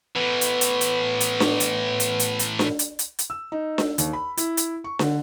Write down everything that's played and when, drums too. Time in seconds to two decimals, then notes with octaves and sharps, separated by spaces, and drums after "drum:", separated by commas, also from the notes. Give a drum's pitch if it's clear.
0.16 A2 E3 B3
0.41 drum: hi-hat
0.61 drum: hi-hat
0.81 drum: hi-hat
1.20 drum: hi-hat
1.40 drum: snare D4
1.60 drum: hi-hat
2.00 drum: hi-hat
2.20 drum: hi-hat
2.39 drum: hi-hat
2.59 drum: snare D4
2.79 drum: hi-hat
2.99 drum: hi-hat
3.19 drum: hi-hat
3.30 E6
3.52 D#4
3.78 drum: snare D4
3.98 D#2, drum: hi-hat
4.13 B5
4.37 E4, drum: hi-hat
4.57 drum: hi-hat
4.84 C#6
4.99 D3, drum: snare D4